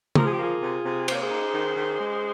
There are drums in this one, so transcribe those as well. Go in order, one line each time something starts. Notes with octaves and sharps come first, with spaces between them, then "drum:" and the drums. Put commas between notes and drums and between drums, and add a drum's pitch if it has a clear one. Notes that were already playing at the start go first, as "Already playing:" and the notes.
F3 A#4, drum: tom
G#4
G4
A#3 F4 G#4
C3
C3
A#3 C5, drum: cymbal
C#5
G#4 C5
D#4
D#3
D#3
G#3